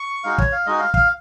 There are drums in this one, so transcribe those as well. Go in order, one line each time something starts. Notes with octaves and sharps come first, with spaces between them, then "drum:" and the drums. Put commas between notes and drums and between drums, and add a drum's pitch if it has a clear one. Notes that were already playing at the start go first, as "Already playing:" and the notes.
Already playing: C#6
G#3 D#4 F#4 F5
C#5, drum: kick
F5
G#3 D#4 F#4 D#5
F5
F5, drum: kick